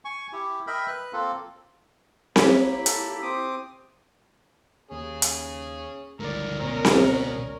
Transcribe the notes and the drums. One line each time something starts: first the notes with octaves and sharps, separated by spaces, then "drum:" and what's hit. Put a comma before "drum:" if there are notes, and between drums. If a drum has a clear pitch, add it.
G#5 C#6
E4 G4
A#4 D#5 E5 G5 B5
B4 F#6
A#3 C4 F4 A4
A#3 C#4 E4 G4 B5, drum: snare C4
A4, drum: hi-hat
C4 D6 D#6
D#2 C#4 G#4
drum: hi-hat
G1 C#2 G2 A3 A#4 D5
B2 C#4
drum: snare C4